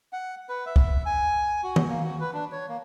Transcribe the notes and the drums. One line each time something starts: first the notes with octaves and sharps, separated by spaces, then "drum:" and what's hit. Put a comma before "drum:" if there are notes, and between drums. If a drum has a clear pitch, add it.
F#5
B4
E5
drum: kick
G#5
F#4
drum: tom D#3
A#3
F#4
B4
D4
C#5
A#3